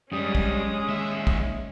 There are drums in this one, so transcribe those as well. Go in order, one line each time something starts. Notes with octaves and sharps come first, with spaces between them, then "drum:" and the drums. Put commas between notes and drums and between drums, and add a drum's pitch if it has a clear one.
F#2 G3 G#3 C#4 D#6
drum: kick
D#2 E5
drum: kick